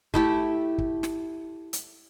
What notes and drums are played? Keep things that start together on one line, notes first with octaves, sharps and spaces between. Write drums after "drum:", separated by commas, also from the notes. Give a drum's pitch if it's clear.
A3 E4 G4, drum: kick
drum: kick
drum: snare
drum: hi-hat